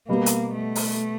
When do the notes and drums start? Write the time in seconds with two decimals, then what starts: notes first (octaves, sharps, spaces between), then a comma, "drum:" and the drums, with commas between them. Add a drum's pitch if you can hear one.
0.08 B2 G3 A#3 B3
0.26 drum: hi-hat
0.56 A3
0.76 drum: open hi-hat